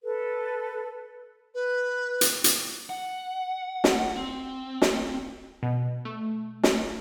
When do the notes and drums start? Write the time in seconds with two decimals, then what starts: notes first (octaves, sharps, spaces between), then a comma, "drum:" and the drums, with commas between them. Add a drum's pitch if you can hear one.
0.04 A4 B4
1.54 B4
2.21 drum: hi-hat
2.44 drum: hi-hat
2.90 F#5
3.84 drum: snare
4.16 C4
4.82 drum: snare
5.63 B2
6.05 A3
6.63 drum: snare